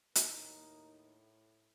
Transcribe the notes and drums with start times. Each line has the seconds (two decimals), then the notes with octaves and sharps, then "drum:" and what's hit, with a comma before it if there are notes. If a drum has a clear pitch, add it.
0.15 D#2 A2 D#4 A#4, drum: hi-hat